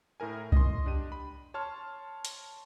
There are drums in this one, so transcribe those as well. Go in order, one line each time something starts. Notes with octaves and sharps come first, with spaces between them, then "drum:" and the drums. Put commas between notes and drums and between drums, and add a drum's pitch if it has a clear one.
A2 E4 A#4 G#5
D#5 C6, drum: kick C2
D4 G4 D#7
B5
C#5 A5 C6 F6
drum: hi-hat